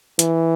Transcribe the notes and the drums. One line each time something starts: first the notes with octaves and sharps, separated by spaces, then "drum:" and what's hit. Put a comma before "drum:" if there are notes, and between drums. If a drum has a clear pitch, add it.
E3, drum: hi-hat